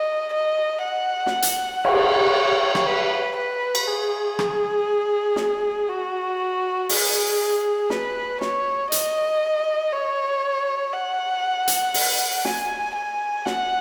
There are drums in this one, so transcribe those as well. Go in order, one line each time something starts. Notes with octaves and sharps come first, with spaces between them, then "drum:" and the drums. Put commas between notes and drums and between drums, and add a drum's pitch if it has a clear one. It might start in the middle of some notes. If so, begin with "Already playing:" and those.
Already playing: D#5
D#5
F#5
drum: snare
drum: hi-hat
C#5, drum: cymbal
drum: rim click
B4
B4
drum: cymbal
G#4
drum: rim click
drum: snare
F#4
G#4, drum: open hi-hat
B4, drum: snare
C#5, drum: snare
D#5, drum: hi-hat
C#5
F#5
drum: hi-hat
drum: open hi-hat
G#5, drum: snare
G#5
F#5, drum: snare